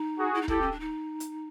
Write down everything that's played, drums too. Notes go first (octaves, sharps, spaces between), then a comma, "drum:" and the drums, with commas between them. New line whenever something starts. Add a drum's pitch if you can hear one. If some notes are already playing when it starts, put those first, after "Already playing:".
Already playing: D#4
F#4 G#4
E4
D#4
E4 G4 A4, drum: kick
C#4
D4
D#4
drum: hi-hat